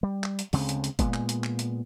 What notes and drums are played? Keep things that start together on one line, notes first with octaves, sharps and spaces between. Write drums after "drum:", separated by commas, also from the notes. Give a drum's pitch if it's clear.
G3
drum: clap
drum: hi-hat
D2 C#3 G#3 C4, drum: open hi-hat
drum: hi-hat
drum: hi-hat
A#2 G#3 B3, drum: kick F#1, hi-hat
drum: clap
drum: hi-hat
drum: clap
drum: hi-hat